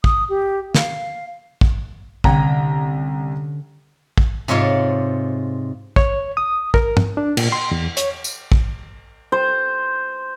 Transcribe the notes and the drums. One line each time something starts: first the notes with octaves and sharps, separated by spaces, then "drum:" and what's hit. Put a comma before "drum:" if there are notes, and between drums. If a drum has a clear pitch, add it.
D#6, drum: kick
G4
F5, drum: snare
drum: kick
C2 D3 C#4 G5 A#5, drum: kick
drum: kick
G#2 C3 F4 C#5 D5
C#5, drum: kick
D#6
A#4, drum: kick
drum: tom
D4
A#2, drum: cymbal
C6
E2
C#5, drum: hi-hat
drum: tambourine
drum: kick
C5